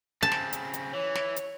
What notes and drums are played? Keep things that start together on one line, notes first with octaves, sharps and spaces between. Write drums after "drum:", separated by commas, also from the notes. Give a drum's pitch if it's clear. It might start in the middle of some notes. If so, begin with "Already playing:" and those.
C#3 C4 A5
drum: snare
drum: hi-hat
drum: hi-hat
E3 C#5
drum: snare
drum: hi-hat